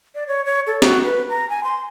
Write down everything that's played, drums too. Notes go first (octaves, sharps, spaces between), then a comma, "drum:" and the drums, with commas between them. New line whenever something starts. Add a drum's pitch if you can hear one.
D5
C#5
C#5
A4
F#4, drum: snare
B4
A#5
G#5
C6